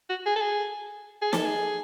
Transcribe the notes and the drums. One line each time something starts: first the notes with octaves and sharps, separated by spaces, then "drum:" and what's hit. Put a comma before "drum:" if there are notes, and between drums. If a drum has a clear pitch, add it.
F#4
G#4
A4
G#4
G#4
A4, drum: snare
G#4